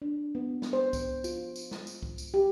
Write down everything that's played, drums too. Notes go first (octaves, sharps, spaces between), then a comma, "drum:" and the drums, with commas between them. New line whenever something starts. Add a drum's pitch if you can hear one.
D4
B3
drum: snare
C5
drum: kick C2, tambourine
F4, drum: tambourine
drum: tambourine
drum: snare
drum: tambourine
drum: kick C2
drum: tambourine
G4